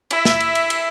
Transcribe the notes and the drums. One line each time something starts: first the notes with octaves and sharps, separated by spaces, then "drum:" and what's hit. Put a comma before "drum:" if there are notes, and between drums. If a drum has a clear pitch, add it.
E4 E5, drum: cymbal
drum: snare
drum: cymbal
drum: cymbal
drum: cymbal